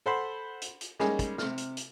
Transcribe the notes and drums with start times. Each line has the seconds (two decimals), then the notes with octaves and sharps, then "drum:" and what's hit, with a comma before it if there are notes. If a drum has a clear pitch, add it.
0.06 A4 C5 F#5 B5 C6
0.62 drum: hi-hat
0.81 drum: hi-hat
1.00 G3 G#3 A#3 C#4 D#4 G#4, drum: snare
1.19 drum: kick, hi-hat
1.38 C3 F6, drum: snare
1.58 drum: hi-hat
1.77 drum: hi-hat